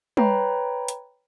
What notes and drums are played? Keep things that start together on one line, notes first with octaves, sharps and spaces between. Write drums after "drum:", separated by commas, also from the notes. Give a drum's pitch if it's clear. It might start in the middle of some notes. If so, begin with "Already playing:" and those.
B4 C#5 G5 A#5 B5, drum: tom
drum: hi-hat